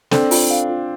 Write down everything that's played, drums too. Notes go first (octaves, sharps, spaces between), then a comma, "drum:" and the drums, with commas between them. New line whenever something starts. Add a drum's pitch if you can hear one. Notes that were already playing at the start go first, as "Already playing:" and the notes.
C4 D4 A4, drum: snare
F4, drum: open hi-hat
F5
F4